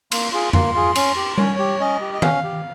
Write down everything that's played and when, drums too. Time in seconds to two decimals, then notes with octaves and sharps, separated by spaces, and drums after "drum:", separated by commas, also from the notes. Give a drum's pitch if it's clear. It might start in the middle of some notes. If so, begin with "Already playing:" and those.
0.12 A#3 C6, drum: cymbal
0.32 F4 G#4 C6
0.53 A#3 C6, drum: tom F2
0.74 F4 G#4
0.95 C#4, drum: cymbal
1.16 G4
1.38 C#4 C#5, drum: tom G3
1.59 G4
1.80 C#4 D#5
2.01 G4
2.14 D#5
2.22 C#4 F5, drum: tom D#3
2.44 G4